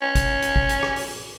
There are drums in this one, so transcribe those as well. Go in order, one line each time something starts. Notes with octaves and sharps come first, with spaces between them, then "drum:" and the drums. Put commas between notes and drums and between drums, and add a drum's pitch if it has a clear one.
C#4
drum: kick, hi-hat
drum: hi-hat
drum: kick
drum: hi-hat
drum: rim click
drum: open hi-hat